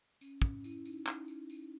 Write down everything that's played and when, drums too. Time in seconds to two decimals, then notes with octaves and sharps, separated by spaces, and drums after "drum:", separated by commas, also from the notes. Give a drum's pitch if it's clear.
0.21 C#4, drum: tambourine
0.42 C#4, drum: kick
0.64 E4, drum: tambourine
0.86 D#4, drum: tambourine
1.07 drum: clap
1.28 drum: tambourine
1.50 drum: tambourine